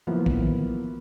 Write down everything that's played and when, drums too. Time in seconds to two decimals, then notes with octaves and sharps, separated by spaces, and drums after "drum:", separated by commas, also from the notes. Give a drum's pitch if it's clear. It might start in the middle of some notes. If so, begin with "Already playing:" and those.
0.07 F3 F#3 A#3 B3 E4
0.26 drum: kick